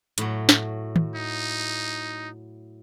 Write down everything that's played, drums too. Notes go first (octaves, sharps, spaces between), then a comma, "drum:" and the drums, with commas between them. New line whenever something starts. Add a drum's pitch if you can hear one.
A2 F#3, drum: hi-hat
drum: snare
drum: tom
D#4